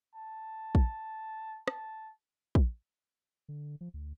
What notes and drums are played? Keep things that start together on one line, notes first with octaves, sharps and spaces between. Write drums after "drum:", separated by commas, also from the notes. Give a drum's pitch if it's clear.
A5
drum: kick
A5, drum: rim click
drum: kick
D3
F3
D2